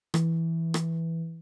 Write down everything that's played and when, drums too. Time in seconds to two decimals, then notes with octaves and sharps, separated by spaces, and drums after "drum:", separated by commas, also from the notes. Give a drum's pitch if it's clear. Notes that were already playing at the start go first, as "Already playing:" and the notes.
0.14 E3, drum: rim click
0.74 drum: rim click